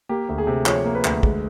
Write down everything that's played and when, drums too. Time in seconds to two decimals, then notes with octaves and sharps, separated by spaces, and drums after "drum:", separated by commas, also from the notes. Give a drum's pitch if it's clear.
0.09 A#3 G4
0.29 D2
0.38 G#4
0.47 C3
0.66 F3 C#5, drum: clap
0.86 A#3
0.95 B4
1.05 D2, drum: clap
1.23 G#3, drum: kick